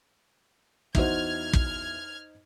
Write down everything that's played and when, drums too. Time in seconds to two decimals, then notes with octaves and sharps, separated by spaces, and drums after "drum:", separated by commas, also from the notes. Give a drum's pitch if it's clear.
0.95 E2 D#4 F#4 C5 E5 F6 G#6, drum: kick
1.53 drum: kick